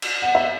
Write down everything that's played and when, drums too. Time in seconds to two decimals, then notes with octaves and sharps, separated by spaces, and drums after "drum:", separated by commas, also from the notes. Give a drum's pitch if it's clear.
0.02 drum: cymbal
0.22 F#5
0.35 E5